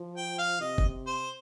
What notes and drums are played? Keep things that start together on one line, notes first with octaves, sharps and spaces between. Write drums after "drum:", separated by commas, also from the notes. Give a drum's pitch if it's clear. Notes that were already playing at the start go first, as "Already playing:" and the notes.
Already playing: F3
G5
F5
C3 D#5
drum: kick F#1
C5